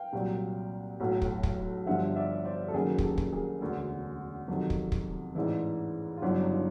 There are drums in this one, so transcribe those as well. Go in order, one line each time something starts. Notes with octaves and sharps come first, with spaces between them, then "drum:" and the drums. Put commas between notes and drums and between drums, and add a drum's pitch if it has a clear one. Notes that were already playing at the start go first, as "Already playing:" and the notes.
Already playing: F5 G5
C2 A#2 F#3
B1 A2 F#3
drum: kick
drum: kick
G1 G2 D3 F3 E5 F#5
D5 E5
C5 D5
A4
F#1 F#2 D#3 F#3 G#4 A#4
G#4, drum: kick
G4 A4
drum: kick
G#4 A#4
E1 D2 D3
F2 C3 D#3 F#3
drum: kick
drum: kick
A1 G#2 E3 D4 E4
F4
G1 F#2 C#3 F#3 D4 E4
D#4 F4